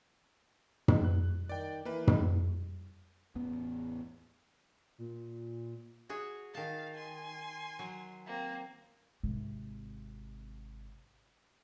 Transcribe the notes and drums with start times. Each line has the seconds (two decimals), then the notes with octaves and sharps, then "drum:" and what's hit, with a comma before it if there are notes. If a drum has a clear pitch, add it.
0.88 drum: tom
1.04 F#6
1.49 D#3 D5 G5
1.85 E3 A#3 B4
2.07 drum: tom
3.35 A1 E2 B3
4.98 A#2
6.09 F#4 G#4 C#5
6.55 D#3 F5 A5
6.95 G#5 C6
7.79 F#3
8.26 A#3 C4
9.23 G#1 C3